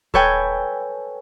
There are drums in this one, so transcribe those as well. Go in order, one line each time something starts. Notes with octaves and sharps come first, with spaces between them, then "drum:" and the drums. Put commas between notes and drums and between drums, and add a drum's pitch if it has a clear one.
A4 B4 C#5 G5 G#5, drum: kick D#1